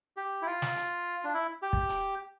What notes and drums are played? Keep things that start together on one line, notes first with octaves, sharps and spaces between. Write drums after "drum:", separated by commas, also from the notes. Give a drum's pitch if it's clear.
G4
E4
F4
drum: snare
drum: hi-hat
D4
E4
G4
drum: kick
drum: hi-hat